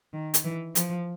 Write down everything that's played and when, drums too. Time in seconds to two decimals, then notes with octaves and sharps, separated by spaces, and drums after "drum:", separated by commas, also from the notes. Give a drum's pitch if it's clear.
0.13 D#3
0.34 drum: hi-hat
0.45 E3
0.75 F3, drum: hi-hat